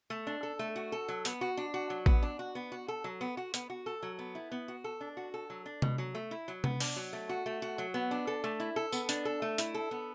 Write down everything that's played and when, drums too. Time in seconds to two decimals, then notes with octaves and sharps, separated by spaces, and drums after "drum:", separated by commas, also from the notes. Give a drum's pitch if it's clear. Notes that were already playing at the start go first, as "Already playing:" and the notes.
0.10 A3
0.27 D4
0.43 A4
0.59 A3
0.76 F#4
0.92 A4
1.08 F#3
1.25 B3, drum: hi-hat
1.41 F#4
1.57 D4
1.74 F#4
1.90 F#3
2.06 B3, drum: kick A1
2.23 D4
2.39 F#4
2.55 B3
2.72 F#4
2.88 A4
3.04 F#3
3.21 B3
3.37 F#4
3.54 B3, drum: hi-hat
3.70 F#4
3.86 A4
4.03 F#3
4.19 B3
4.35 E4
4.51 B3
4.68 F#4
4.84 A4
5.01 D4
5.17 F#4
5.34 A4
5.50 F#3
5.66 D4
5.82 B2, drum: tom C3
5.98 F#3
6.15 A3
6.31 E4
6.48 F#3
6.64 B3, drum: tom C3
6.80 D4, drum: open hi-hat
6.96 F#3
7.13 A3
7.29 F#4
7.46 A3
7.62 F#4
7.78 F#3
7.94 B3
8.11 D4
8.27 A4
8.44 A3
8.60 E4
8.76 A4
8.92 B3, drum: tambourine
9.09 D4, drum: hi-hat
9.25 A4
9.42 A3
9.58 E4, drum: hi-hat
9.74 A4
9.91 B3